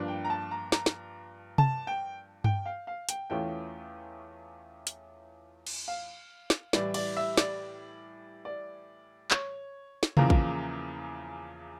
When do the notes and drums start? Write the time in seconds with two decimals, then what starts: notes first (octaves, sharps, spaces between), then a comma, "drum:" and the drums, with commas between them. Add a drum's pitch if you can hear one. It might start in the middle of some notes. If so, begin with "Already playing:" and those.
Already playing: G2 F3 A#3 D4
0.08 G5
0.25 A#5
0.30 A5
0.51 A#5
0.72 A#5, drum: snare
0.86 drum: snare
1.58 A5, drum: tom C3
1.87 G5
2.44 G5, drum: tom G2
2.66 F5
2.87 F5
3.09 G5, drum: hi-hat
3.30 E2 E3 A3 C#4 F4 G5
4.87 drum: hi-hat
5.67 drum: cymbal
5.88 F5
6.50 drum: snare
6.73 A2 E3 G3 D5, drum: snare
6.94 D5, drum: cymbal
7.16 E5
7.37 D5, drum: snare
8.45 D5
9.31 C#5, drum: clap
10.03 drum: snare
10.17 E2 C#3 F3 A#3 A#5, drum: tom C3
10.30 drum: kick